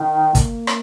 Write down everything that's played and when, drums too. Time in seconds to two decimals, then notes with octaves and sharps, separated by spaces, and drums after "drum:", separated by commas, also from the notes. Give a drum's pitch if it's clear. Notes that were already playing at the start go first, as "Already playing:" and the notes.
Already playing: D#3
0.35 A#3, drum: kick, hi-hat
0.67 drum: rim click